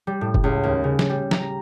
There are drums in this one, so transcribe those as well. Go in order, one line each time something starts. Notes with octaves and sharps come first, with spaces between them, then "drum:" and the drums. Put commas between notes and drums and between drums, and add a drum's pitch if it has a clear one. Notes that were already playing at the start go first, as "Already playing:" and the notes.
G3
A2
drum: kick F#1
C#2
D#2
C#3
drum: snare
G3
A#5, drum: snare